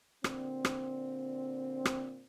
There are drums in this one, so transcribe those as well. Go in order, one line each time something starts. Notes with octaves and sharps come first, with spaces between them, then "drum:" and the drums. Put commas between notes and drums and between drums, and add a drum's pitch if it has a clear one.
A#2 D3 C4, drum: rim click
drum: rim click
drum: rim click